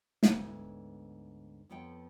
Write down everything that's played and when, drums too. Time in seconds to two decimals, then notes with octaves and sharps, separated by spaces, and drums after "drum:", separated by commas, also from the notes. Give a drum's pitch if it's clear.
0.23 D2 G#2 B3 E4 C#5, drum: snare
1.69 F2 F3 B3 C#5 G5